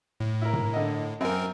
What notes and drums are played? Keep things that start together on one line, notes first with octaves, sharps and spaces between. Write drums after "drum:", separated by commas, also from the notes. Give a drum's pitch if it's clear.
A2
E4 A#4
drum: tom G2
D3 D#5
F#2 C4 A#4